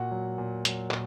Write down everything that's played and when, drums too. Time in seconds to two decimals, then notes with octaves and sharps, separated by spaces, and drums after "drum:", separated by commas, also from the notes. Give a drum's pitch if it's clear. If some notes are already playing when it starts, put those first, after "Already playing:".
Already playing: A#2 F#4 F#5
0.11 F#3
0.38 A#2
0.65 F#3, drum: hi-hat
0.91 A#2, drum: clap